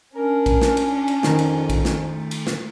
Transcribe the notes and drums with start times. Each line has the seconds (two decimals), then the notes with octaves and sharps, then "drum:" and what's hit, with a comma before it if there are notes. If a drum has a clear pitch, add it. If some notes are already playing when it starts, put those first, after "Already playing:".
0.16 C#4 D4 A#4
0.46 drum: kick A#1, cymbal
0.62 drum: snare
0.77 drum: cymbal
1.08 drum: cymbal
1.23 F2 D#3 A#5, drum: snare
1.39 drum: cymbal
1.70 drum: kick A#1, cymbal
1.85 drum: snare
2.09 A3
2.31 drum: cymbal
2.47 drum: snare